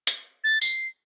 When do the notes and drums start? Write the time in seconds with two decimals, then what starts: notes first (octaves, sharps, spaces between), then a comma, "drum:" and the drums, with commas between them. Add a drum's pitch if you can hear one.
0.07 drum: hi-hat
0.44 A6
0.61 C7, drum: tambourine